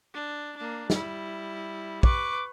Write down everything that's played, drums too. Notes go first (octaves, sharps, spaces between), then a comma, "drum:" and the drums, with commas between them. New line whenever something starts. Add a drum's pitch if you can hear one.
D4
A#3 D4
G3 E4, drum: snare
B4 C#6 D6, drum: kick